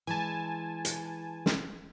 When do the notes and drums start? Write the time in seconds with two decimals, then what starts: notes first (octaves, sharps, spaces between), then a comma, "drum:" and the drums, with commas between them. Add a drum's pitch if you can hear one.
0.07 E3 G#3 G#5 A5
0.85 drum: hi-hat
1.46 drum: snare